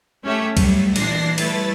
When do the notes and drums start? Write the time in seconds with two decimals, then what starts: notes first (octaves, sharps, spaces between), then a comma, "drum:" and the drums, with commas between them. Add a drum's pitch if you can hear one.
0.24 A3 C#4 G4 C#5 E5
0.57 F#3 G3 A3, drum: kick C#2, cymbal
0.96 A#2 E3 D4 A#6 C7, drum: cymbal
1.38 G3 A3 E4 B4 A6, drum: cymbal